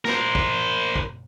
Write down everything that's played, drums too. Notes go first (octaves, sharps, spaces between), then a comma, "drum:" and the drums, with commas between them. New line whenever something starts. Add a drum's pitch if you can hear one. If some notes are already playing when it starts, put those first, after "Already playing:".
A#4 C5, drum: snare
drum: kick
drum: kick